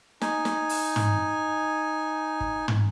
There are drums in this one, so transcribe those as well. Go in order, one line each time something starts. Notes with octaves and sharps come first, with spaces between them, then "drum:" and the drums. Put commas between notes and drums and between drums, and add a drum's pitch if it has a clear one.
D#4 G#5, drum: snare
drum: snare
drum: open hi-hat
drum: tom
drum: kick
drum: tom